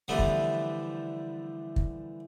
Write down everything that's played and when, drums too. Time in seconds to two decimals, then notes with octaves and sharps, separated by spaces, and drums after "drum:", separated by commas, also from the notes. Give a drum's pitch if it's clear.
0.08 D3 E3 F3 G3 A3 B3
0.19 drum: kick
1.76 drum: kick